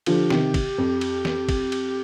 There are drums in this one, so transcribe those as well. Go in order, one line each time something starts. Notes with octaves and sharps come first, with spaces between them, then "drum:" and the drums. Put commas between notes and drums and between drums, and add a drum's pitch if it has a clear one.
D3 F3 G4, drum: cymbal
C3 D#3, drum: snare
drum: kick, cymbal
F2
drum: cymbal
drum: snare
drum: kick, cymbal
drum: cymbal